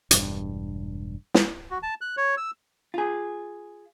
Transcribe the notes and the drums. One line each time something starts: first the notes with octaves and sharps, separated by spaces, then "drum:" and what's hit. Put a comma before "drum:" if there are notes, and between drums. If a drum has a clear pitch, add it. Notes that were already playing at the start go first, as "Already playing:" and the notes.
E1 G2, drum: hi-hat
drum: snare
F#4
A5
F#6
C#5
E6
F4 G#4